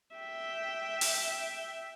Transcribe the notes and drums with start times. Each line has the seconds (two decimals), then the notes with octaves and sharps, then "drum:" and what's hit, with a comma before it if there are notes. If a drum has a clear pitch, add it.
0.16 E5 G5
1.01 drum: open hi-hat